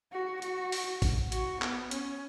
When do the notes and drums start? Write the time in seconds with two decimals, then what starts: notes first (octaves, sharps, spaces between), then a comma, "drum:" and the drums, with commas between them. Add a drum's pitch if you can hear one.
0.13 F#4
0.42 F#4, drum: hi-hat
0.72 drum: open hi-hat
1.02 drum: kick A1, open hi-hat
1.32 F#4, drum: hi-hat
1.62 B3, drum: clap
1.91 C#4, drum: hi-hat